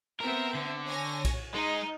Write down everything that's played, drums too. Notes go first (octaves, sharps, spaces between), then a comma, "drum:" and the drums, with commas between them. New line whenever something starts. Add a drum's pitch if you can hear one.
B3 C4 A#4 E5
D3
C#5 G#5 A#6
drum: kick B1, cymbal
G#3 D#4